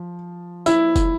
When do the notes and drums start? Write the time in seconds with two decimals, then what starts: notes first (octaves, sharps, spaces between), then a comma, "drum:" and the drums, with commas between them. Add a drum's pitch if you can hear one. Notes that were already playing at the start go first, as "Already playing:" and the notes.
Already playing: F3
0.66 E4, drum: tambourine
0.96 drum: kick, tambourine